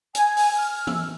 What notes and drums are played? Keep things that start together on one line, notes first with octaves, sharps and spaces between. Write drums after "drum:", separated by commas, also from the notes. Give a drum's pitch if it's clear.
G#5, drum: hi-hat
drum: open hi-hat
F6
E6, drum: tom